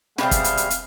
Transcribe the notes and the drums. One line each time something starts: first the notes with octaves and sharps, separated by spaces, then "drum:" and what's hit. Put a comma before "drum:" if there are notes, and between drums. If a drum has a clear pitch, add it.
B2 G3 G#3 C4 E5 F5, drum: snare
drum: kick, hi-hat
drum: hi-hat
drum: hi-hat
drum: hi-hat